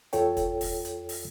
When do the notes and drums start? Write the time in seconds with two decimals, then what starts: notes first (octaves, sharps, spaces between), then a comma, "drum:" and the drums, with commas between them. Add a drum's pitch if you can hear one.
0.13 E2 F4 A4 C#5 G5, drum: hi-hat
0.37 drum: kick, hi-hat
0.61 drum: kick, open hi-hat
0.85 drum: hi-hat
1.09 drum: open hi-hat